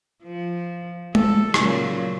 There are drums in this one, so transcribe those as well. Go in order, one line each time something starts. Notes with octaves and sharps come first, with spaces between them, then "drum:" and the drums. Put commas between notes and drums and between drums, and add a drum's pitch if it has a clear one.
F3
A4, drum: tom G#3
A#2 C#3 F#3, drum: rim click